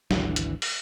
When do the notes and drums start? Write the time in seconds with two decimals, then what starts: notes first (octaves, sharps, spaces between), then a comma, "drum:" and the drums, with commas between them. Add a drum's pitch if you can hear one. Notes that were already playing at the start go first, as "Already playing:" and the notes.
0.11 G#1 D2 E3 D4, drum: snare
0.36 drum: hi-hat
0.62 drum: open hi-hat